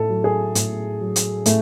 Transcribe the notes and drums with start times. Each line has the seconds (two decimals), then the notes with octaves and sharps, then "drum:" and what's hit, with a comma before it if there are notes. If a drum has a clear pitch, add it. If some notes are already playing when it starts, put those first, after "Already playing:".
Already playing: A2 A4
0.10 F#3
0.24 G#4
0.55 A2, drum: hi-hat
1.01 F#3
1.16 drum: hi-hat
1.46 A2 A3, drum: hi-hat